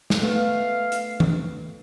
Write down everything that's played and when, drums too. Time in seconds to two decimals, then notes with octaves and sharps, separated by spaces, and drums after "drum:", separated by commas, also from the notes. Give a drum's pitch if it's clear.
0.10 drum: snare
0.22 A3 B3 F5
0.92 drum: hi-hat
1.20 drum: tom E3